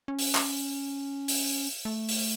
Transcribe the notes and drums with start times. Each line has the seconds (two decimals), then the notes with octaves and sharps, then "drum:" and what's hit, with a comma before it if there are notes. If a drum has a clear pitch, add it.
0.08 C#4
0.19 drum: open hi-hat
0.35 drum: clap
1.28 drum: open hi-hat
1.85 A3
2.09 drum: open hi-hat